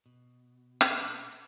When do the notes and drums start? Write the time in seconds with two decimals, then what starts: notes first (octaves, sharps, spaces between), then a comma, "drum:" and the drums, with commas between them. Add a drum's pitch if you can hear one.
0.06 B2
0.81 drum: rim click